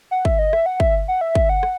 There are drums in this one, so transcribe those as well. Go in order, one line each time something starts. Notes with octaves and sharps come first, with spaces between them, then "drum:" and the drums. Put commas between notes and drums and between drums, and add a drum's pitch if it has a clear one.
F#5
E5, drum: kick
D#5
E5, drum: rim click
F#5
E5, drum: kick
F#5
E5
drum: kick
F#5
drum: rim click